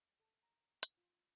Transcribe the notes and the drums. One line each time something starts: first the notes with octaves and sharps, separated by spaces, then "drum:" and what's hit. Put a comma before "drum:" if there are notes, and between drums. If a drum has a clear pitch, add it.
A4
A#5
drum: hi-hat
F4